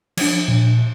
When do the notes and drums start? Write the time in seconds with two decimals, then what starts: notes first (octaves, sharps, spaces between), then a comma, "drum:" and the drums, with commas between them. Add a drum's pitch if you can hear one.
0.17 F3 D4, drum: cymbal
0.48 A#2